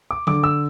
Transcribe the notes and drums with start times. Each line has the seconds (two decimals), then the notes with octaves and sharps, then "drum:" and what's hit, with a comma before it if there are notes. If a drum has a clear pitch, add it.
0.11 D6
0.27 D3 D6, drum: tom F#3
0.44 E6